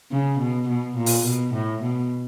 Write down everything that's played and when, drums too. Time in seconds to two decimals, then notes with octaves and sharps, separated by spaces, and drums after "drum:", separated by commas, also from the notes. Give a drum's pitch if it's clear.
0.11 C#3
0.39 B2
0.68 B2
0.96 A#2
1.06 drum: open hi-hat
1.25 B2
1.54 A2
1.83 B2